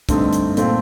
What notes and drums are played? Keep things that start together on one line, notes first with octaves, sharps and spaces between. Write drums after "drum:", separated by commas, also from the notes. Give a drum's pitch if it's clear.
G2 D3 A3 C4 D#4, drum: kick, hi-hat
drum: hi-hat
A#2 A3 C4 F4, drum: hi-hat